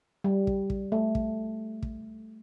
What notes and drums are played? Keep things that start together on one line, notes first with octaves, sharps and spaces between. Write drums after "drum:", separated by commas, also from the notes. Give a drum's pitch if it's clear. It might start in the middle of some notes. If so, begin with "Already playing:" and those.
G3
drum: kick
drum: kick
A3
drum: kick
drum: kick